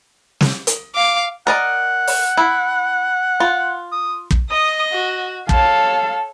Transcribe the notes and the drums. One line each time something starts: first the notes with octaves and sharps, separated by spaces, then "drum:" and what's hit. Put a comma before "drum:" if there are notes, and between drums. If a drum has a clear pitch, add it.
drum: snare
drum: hi-hat
F5 D6
A#4 D5 D#5 F#5
drum: open hi-hat
E4
F4
D#6
drum: kick
D#5 D#6
F#4
A4 C#5 F5 A5, drum: kick